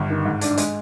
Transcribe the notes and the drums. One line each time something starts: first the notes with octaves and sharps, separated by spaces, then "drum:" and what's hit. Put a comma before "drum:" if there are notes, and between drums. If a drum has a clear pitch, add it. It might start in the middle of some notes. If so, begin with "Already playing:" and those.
Already playing: G1 G2
D#3
G#2
D4, drum: hi-hat
G#3, drum: hi-hat